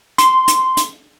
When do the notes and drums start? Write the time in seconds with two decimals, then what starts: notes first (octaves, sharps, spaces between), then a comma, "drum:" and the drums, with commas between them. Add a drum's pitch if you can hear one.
0.18 C6, drum: hi-hat
0.48 drum: hi-hat
0.77 drum: hi-hat